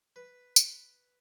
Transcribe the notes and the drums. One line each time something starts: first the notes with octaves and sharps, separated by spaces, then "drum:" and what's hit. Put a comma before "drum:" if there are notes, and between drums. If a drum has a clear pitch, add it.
B4
drum: tambourine